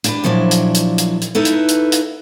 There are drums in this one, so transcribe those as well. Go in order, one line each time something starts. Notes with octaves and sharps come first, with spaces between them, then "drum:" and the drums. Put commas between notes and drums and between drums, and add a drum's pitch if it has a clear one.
D4 G4 B4, drum: hi-hat
A#2 F3 F#3 D4 E4
drum: hi-hat
drum: hi-hat
drum: hi-hat
drum: hi-hat
D#4 E4 A4 B4
drum: hi-hat
drum: hi-hat
drum: hi-hat